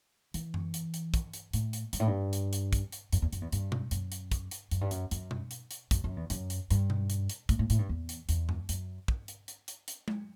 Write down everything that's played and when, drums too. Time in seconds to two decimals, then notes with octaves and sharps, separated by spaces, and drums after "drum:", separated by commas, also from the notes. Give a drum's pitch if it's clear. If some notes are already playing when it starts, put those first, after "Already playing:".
0.34 E3, drum: hi-hat
0.54 drum: tom F#2
0.74 drum: hi-hat
0.94 drum: hi-hat
1.14 drum: kick, hi-hat
1.33 drum: hi-hat
1.53 A2, drum: hi-hat
1.73 drum: hi-hat
1.93 G2, drum: hi-hat
2.00 A2
2.08 G2
2.33 drum: hi-hat
2.53 drum: hi-hat
2.73 drum: kick, hi-hat
2.92 drum: hi-hat
3.13 F#2, drum: hi-hat
3.22 E2
3.33 F#2, drum: hi-hat
3.42 E2
3.52 G2, drum: hi-hat
3.72 drum: tom B2
3.91 F#2, drum: hi-hat
4.12 drum: hi-hat
4.32 drum: kick, hi-hat
4.51 drum: hi-hat
4.71 F#2, drum: hi-hat
4.81 G2
4.91 F#2, drum: hi-hat
5.11 F#2, drum: hi-hat
5.31 drum: tom B2
5.51 drum: hi-hat
5.71 drum: hi-hat
5.91 F#2, drum: kick, hi-hat
6.04 F#2
6.17 E2
6.30 F#2, drum: hi-hat
6.50 drum: hi-hat
6.71 G2, drum: hi-hat
6.90 drum: tom B2
7.10 drum: hi-hat
7.30 drum: hi-hat
7.49 A2, drum: kick, hi-hat
7.59 A2
7.70 A2, drum: hi-hat
7.79 G2
7.89 E2
8.09 drum: hi-hat
8.29 E2, drum: hi-hat
8.49 drum: tom F#2
8.69 F#2, drum: hi-hat
9.08 drum: kick
9.28 drum: hi-hat
9.48 drum: hi-hat
9.68 drum: hi-hat
9.88 drum: hi-hat
10.08 drum: tom G#3